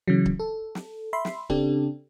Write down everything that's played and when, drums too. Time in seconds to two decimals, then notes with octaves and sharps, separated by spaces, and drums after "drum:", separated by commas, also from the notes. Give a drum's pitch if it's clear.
0.08 C#3 E3 F#3
0.26 drum: kick C#1
0.39 A4
0.75 drum: snare
1.13 E5 B5 C6
1.25 drum: snare
1.50 C#3 C4 D4 G4 A4, drum: kick C#1